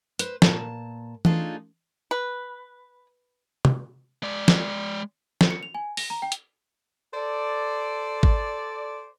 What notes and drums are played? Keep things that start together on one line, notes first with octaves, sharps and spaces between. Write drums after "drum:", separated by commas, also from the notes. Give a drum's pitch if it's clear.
B4 C5, drum: hi-hat
A#2 A5, drum: snare
A3 D4 D#4 F4 G#4 A4, drum: tom E3
B4
drum: tom C3
G#3 D5
drum: snare
drum: snare
C#7
F7
G#5
A#6, drum: open hi-hat
A#5
G5
drum: hi-hat
A4 C5 D5
drum: kick G#1